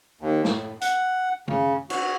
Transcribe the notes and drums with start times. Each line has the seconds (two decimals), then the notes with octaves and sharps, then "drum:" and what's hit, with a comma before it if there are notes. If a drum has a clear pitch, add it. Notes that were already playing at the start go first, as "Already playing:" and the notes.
0.21 D#2
0.45 A2, drum: snare
0.81 F#5, drum: hi-hat
1.48 C#3, drum: tom D3
1.90 F#4, drum: cymbal